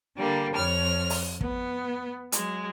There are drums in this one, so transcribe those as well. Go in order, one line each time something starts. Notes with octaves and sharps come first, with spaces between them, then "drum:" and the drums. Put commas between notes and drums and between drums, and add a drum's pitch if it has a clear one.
D3 G3 A#3
F2 C#5 F6
drum: open hi-hat
B3, drum: kick
F#3 G#3, drum: hi-hat